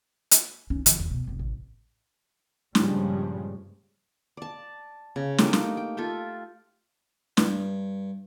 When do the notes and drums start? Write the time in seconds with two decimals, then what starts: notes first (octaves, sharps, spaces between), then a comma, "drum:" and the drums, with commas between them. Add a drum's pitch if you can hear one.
0.31 drum: hi-hat
0.70 C#4 D#4
0.86 D3 F3, drum: hi-hat
0.98 D#1 E2
1.11 B2
1.27 F1 F3
1.39 A1
2.75 G2 A#2 C#3 F3 G3 G#3, drum: snare
4.37 D5 A5
5.16 C#3
5.38 A3 A#3 D#4 G4, drum: snare
5.53 drum: snare
5.77 G5
5.97 F4 A4 E5 G5
7.37 G2, drum: snare